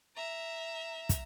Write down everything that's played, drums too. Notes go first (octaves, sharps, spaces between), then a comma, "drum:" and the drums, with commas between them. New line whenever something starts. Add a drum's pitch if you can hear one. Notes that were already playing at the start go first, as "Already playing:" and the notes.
E5 A#5
drum: kick, hi-hat